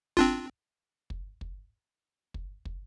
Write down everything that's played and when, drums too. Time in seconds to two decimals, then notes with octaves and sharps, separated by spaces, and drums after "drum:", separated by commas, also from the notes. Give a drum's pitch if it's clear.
0.17 C4 D4 F4, drum: kick
1.10 drum: kick
1.41 drum: kick
2.34 drum: kick
2.65 drum: kick